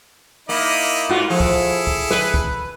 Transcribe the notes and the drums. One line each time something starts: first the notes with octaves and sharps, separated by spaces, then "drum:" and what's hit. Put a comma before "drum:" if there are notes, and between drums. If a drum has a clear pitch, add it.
A#3 D#4 E4 D#5
G#2 F4 F#4
F3 E4 G#4 A4
drum: kick
drum: kick
B4, drum: snare
drum: kick